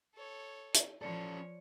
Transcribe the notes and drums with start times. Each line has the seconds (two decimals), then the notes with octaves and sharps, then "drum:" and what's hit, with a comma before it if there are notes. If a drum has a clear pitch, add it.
0.15 A4 C#5
0.74 drum: hi-hat
1.02 F3 C#4 A4 C#5 D5 C#7